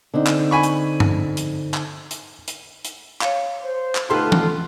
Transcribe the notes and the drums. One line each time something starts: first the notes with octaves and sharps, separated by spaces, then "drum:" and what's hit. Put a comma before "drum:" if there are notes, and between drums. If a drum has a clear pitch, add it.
D3 C4 D#4
drum: clap
G#5 B5 C#6
drum: hi-hat
drum: tom G2
drum: hi-hat
drum: clap
drum: hi-hat
drum: hi-hat
drum: hi-hat
C#5 F5, drum: clap
C5
drum: clap
D3 A3 D#4 F4 G4 A4 B4 C6
drum: tom E3